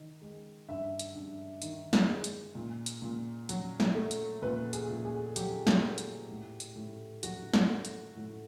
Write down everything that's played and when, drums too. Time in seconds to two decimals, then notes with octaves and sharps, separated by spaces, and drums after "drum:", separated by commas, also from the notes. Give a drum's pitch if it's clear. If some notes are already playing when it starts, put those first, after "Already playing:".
Already playing: D#3
0.22 G#3
0.68 G2 E5
0.99 drum: hi-hat
1.15 G2
1.62 D#3, drum: hi-hat
1.93 drum: snare
2.09 G#3
2.24 drum: hi-hat
2.55 A#2
2.86 drum: hi-hat
3.02 A#2
3.49 F#3, drum: hi-hat
3.80 drum: snare
3.95 A3
4.11 drum: hi-hat
4.42 A#2 B4
4.73 G#4, drum: hi-hat
4.89 A#2
5.05 G#4
5.36 F#3 G4, drum: hi-hat
5.67 drum: snare
5.82 A3
5.98 drum: hi-hat
6.29 A2
6.60 drum: hi-hat
6.76 A2
7.23 F#3 F#4, drum: hi-hat
7.54 drum: snare
7.69 A3
7.85 drum: hi-hat
8.16 A2